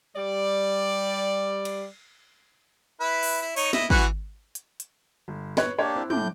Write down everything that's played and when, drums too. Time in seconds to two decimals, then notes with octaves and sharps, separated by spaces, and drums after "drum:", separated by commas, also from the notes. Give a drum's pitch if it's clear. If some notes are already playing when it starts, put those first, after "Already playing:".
0.16 G3 D5
1.65 drum: cymbal
3.00 E4 B4
3.23 drum: open hi-hat
3.41 E4
3.56 D#4 C#5, drum: open hi-hat
3.73 E4 D#5, drum: snare
3.90 E3 F#4 F#5, drum: kick
4.55 drum: hi-hat
4.80 drum: hi-hat
5.28 G1
5.57 B4 C#5 F#6, drum: snare
5.78 A#3 D4 G4 C#5
5.95 C4 E4
6.10 A2 D6 G6, drum: tom